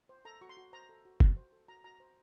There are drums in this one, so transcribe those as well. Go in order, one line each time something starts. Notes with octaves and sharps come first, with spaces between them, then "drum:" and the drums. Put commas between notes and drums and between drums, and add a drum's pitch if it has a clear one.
C5
A4 A#5
F#4 C#6
C6
F#4
C5 A#5
A4
F#4
F#4, drum: kick
C5
A4
F#4 A#5
F#4 A#5
C5